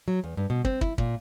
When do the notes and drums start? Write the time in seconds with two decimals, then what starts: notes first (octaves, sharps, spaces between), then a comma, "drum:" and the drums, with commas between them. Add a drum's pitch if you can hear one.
0.08 F#3
0.24 E2
0.37 G2
0.50 B2
0.65 C4, drum: kick
0.81 E4, drum: kick
0.98 A#2, drum: kick